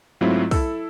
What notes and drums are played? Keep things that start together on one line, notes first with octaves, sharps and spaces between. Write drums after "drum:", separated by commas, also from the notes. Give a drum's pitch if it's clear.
G#2 F#3 A3 C4 E4 F4
E4 A4 E6, drum: kick, open hi-hat